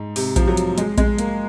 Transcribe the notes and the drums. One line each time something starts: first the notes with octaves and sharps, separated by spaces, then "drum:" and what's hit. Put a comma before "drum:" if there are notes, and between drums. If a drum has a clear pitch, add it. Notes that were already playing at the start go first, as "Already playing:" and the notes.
Already playing: G#2
C3, drum: open hi-hat
F3, drum: kick A#1, hi-hat
F#3
drum: hi-hat
G#3, drum: hi-hat
G#3, drum: kick A#1, hi-hat
A#3, drum: hi-hat